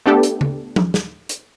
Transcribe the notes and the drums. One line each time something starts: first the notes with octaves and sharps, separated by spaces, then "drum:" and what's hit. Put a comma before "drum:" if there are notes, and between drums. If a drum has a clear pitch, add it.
A3 B3 D4 G4 A4
drum: hi-hat
drum: tom C#3
drum: tom F3
drum: snare
drum: hi-hat